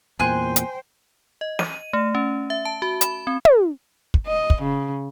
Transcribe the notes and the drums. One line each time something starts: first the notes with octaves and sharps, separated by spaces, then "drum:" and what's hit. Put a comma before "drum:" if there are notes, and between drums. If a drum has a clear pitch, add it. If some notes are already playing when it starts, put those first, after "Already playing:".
E2 A#2 C5 G5 G#5 C6 F#6
drum: hi-hat
D#5
D#7, drum: snare
A3
C#4
E5
A5
F#4
B5, drum: hi-hat
C4
drum: tom
drum: kick
D#5
drum: kick
C#3